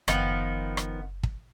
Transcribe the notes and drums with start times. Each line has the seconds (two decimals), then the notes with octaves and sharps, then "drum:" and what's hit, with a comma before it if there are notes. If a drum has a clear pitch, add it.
0.08 F#1 D#3 F3 B3, drum: rim click
0.77 drum: rim click
1.23 drum: kick